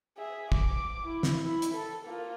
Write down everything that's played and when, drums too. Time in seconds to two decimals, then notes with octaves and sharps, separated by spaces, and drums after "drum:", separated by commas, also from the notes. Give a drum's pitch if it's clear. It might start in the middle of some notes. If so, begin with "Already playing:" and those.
0.18 G#4 E5
0.52 D6, drum: kick
1.05 E4
1.23 drum: snare
1.45 E4
1.62 drum: hi-hat
1.75 A4
2.06 A#3 F4